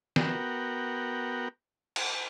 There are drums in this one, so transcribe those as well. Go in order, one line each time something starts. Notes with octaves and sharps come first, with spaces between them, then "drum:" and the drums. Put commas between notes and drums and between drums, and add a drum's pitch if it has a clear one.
B3 F#4 A#4 G5, drum: snare
drum: cymbal